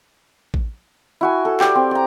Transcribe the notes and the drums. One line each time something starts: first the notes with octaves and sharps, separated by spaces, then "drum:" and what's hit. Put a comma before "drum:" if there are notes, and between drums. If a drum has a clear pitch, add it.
drum: kick A1
E4 F#4 G#5
A4
G4 D5, drum: clap
C4
D5 A#5